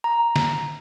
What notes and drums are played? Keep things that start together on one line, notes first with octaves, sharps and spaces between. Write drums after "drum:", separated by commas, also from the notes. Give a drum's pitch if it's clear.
A#5
drum: snare